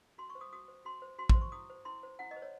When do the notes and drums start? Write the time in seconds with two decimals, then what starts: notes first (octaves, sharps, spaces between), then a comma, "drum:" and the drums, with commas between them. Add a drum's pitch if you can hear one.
0.18 F#4 C6
0.30 C#6
0.35 C5
0.41 D#6
0.53 F#4 D#6
0.68 C5
0.85 F#4 C6
1.02 C5
1.19 F#4 C6
1.29 C6, drum: kick
1.35 C5
1.41 C#6
1.52 E4 D#6
1.70 C5
1.85 E4 C6
2.03 C5
2.19 E4 F#5
2.31 D#5
2.36 C5
2.42 C#5